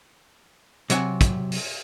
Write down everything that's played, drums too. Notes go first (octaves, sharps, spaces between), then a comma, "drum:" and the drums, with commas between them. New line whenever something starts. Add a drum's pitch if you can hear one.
C3 F#3 F#5 G#5, drum: hi-hat
drum: kick, hi-hat
drum: open hi-hat